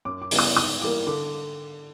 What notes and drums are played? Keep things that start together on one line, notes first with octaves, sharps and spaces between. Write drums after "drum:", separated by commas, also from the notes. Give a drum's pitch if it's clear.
F#2 D6
D6
C#3 E3 G3 B3, drum: open hi-hat
D#6
G#2 D#6
E3 G3 A#3 D6
D3 D6